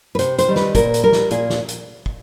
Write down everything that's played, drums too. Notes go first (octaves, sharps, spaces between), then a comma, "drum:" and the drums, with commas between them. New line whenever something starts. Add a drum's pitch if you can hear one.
B4
C3 C5, drum: hi-hat
C5, drum: hi-hat
D#3 G3
B4, drum: snare
A#2 A#4, drum: kick, hi-hat
drum: hi-hat
G3 A#4
drum: snare
A#2 G#4, drum: hi-hat
drum: snare
drum: hi-hat
drum: kick